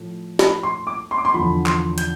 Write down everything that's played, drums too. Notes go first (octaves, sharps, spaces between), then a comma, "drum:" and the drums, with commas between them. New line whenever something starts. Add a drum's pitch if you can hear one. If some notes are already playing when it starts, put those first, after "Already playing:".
Already playing: A2 F3 A3
B5, drum: snare
C6
D6
C6
D6
C6
E2 D3 F3 B5
C6, drum: clap
G6, drum: hi-hat